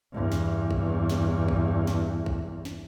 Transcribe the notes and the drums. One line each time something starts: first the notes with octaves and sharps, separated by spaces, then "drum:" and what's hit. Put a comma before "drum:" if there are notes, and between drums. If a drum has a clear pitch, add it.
E2 G2
drum: snare
drum: kick A#1
drum: snare
drum: kick A#1
drum: snare
drum: kick A#1
drum: snare